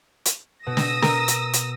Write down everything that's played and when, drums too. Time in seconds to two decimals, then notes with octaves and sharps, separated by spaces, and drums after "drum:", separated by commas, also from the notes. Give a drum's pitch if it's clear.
0.26 drum: hi-hat
0.66 B2 D#6 E6 A#6
0.77 drum: snare
1.02 A#4, drum: snare
1.28 drum: hi-hat
1.54 drum: hi-hat